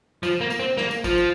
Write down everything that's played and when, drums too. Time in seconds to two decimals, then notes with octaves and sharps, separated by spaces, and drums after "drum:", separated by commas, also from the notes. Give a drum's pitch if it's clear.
0.23 F3, drum: tambourine
0.41 A#3
0.50 drum: tambourine
0.59 C4
0.77 A#3, drum: snare
0.91 drum: tambourine
1.04 F3, drum: kick G#1, tambourine
1.18 drum: tambourine